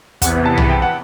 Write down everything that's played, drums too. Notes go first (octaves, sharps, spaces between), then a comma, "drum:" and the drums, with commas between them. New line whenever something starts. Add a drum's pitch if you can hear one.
E2 C3 E3 B3 F#5, drum: kick, hi-hat
A5
B5, drum: tom
G5
F#5